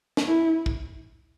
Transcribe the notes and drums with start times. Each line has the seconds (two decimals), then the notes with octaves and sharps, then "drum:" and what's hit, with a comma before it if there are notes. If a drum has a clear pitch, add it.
0.17 drum: snare
0.27 E4
0.66 drum: kick